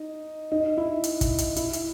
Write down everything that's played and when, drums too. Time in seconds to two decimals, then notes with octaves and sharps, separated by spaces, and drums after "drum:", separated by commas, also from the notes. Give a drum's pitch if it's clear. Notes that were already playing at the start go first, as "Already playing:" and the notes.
Already playing: D#4
0.52 D#4
0.77 E4
1.04 drum: hi-hat
1.21 drum: kick, hi-hat
1.38 drum: hi-hat
1.56 E4, drum: hi-hat
1.73 drum: hi-hat